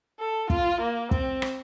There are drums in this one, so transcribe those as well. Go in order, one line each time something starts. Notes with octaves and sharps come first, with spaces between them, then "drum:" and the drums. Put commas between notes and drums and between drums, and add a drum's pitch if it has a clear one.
A4
F4, drum: kick
A#3
C4, drum: kick
drum: rim click